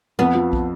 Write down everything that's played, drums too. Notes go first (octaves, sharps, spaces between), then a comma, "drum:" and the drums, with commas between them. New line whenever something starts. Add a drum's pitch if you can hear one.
F2 B3
F3
drum: kick